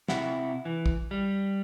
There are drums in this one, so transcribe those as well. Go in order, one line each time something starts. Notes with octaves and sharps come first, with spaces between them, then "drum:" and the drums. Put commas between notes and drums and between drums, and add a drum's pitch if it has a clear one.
C3 E4 F#5, drum: snare
E3
drum: kick
G3